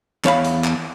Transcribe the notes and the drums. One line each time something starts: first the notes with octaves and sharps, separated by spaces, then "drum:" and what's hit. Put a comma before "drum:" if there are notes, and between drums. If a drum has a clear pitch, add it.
E2 C#5 F5 B5, drum: clap
drum: hi-hat
drum: clap